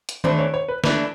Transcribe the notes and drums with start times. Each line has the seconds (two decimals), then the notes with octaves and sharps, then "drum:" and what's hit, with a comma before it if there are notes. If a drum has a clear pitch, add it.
0.09 drum: hi-hat
0.24 E3 A3 D4 C5, drum: tom D#3
0.38 C#5
0.54 C#5
0.68 B4
0.84 E3 A3 D4 B4, drum: snare